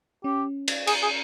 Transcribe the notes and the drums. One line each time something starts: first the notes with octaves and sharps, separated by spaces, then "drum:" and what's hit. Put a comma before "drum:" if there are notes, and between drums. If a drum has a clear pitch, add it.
C#4 G4
drum: cymbal
G#4, drum: cymbal
G#4